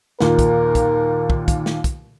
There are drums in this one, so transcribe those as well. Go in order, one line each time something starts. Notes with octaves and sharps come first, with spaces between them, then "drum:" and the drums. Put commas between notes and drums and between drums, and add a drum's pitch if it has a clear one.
D#2 A#2 A#4, drum: snare
drum: kick, hi-hat
drum: kick, hi-hat
drum: kick
drum: kick, hi-hat
drum: snare
drum: kick, hi-hat